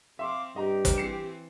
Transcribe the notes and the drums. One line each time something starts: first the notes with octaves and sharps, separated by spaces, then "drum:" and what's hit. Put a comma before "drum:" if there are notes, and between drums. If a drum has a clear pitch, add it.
C4 E5 F5 C6 D6
G2 G4 D#5 A#5
drum: kick, hi-hat
E3 C4 C7 C#7 E7